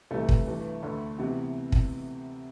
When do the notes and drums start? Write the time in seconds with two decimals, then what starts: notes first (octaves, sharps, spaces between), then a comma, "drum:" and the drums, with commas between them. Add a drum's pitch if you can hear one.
0.11 C2 C3 E3 A3
0.29 drum: kick
0.47 G2 E3
0.82 D2 D3
1.18 C3 E3 B3
1.72 drum: kick